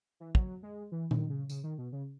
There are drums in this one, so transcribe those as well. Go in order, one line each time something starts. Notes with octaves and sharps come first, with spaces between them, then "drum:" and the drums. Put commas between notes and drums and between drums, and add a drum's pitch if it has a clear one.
E3
F#3, drum: kick
G#3
E3
D#3, drum: tom A#2
C#3
C#3, drum: tambourine
D#3
B2
C#3